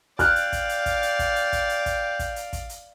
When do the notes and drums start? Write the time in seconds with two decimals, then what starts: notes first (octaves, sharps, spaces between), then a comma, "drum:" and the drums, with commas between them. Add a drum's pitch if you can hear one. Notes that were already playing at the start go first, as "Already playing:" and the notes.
0.19 D5 F5 G5 F6 F#6, drum: kick, hi-hat
0.36 drum: hi-hat
0.53 drum: kick, hi-hat
0.69 drum: hi-hat
0.86 drum: kick, hi-hat
1.03 drum: hi-hat
1.19 drum: kick, hi-hat
1.36 drum: hi-hat
1.53 drum: kick, hi-hat
1.69 drum: hi-hat
1.86 drum: kick, hi-hat
2.19 drum: kick, hi-hat
2.36 drum: hi-hat
2.53 drum: kick, hi-hat
2.69 drum: hi-hat